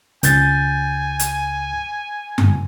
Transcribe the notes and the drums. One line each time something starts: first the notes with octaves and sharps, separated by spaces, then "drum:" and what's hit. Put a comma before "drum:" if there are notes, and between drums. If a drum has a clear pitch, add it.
C#2 G#5 G6 A6, drum: hi-hat
drum: hi-hat
drum: tom F#2